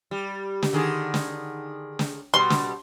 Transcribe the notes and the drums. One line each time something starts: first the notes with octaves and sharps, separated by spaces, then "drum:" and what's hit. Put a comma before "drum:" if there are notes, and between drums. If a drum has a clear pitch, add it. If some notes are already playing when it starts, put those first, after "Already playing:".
G3
drum: snare
D3 D#3 G#4
drum: snare
drum: snare
B2 G3 C6
drum: snare